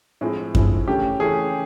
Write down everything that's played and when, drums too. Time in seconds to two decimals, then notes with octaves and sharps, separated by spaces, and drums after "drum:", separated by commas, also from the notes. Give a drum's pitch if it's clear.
0.21 A2 F3 G#3 C4 E4
0.55 A2 F3 G#3 C4 E4, drum: kick F#2
0.88 C#3 E3 A3 C#4 G4
1.20 C#3 E3 A3 C#4 G#4